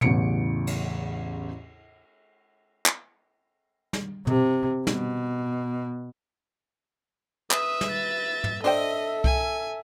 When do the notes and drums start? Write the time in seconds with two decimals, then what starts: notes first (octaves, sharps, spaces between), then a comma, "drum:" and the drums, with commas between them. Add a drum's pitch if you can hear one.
0.01 A1 E2 C#3 C#7 D7, drum: tom B2
0.67 drum: cymbal
2.86 drum: clap
3.93 drum: snare
4.27 C3, drum: tom B2
4.87 B2, drum: snare
7.51 B4 E5 D#6, drum: clap
7.81 drum: snare
7.91 A6
8.44 drum: tom
8.64 D4 A4 C5 D#5 E5 G5, drum: open hi-hat
9.24 G#5, drum: kick C2